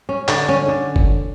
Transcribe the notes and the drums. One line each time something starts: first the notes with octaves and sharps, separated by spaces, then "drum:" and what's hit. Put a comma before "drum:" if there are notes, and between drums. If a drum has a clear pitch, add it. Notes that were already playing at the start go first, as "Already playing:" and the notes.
C#4
D3, drum: clap
C#4
D3
drum: kick G1